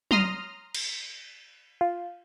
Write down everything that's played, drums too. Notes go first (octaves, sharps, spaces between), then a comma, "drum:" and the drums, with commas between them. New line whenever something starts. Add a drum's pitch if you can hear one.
A#5 C6 D#6 F6, drum: tom F#3
drum: cymbal
F4